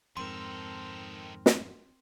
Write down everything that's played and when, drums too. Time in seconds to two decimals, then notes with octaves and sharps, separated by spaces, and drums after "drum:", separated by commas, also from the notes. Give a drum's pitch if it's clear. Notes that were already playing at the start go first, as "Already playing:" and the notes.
0.17 F2 G#2 D#3 C4 A4 A#4 C6
1.46 drum: snare